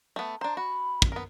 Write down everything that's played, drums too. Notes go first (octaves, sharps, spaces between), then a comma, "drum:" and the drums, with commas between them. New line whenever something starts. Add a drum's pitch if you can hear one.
A3 B3
D4 C5 A#5
F#4 B5
drum: kick
B3 A#4